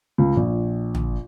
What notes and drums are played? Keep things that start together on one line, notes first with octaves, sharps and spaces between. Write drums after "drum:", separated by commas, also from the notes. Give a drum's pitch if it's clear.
C#2
A#1
drum: tom